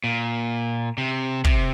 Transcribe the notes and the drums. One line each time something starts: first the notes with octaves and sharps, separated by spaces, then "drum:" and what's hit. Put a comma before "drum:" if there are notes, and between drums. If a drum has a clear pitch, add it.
A#2
C3
C3, drum: kick